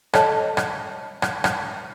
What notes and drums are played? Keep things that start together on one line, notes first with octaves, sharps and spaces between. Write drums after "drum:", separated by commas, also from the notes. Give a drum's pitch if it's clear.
A4 C#5 D#5 A5, drum: rim click
drum: rim click
drum: rim click
drum: rim click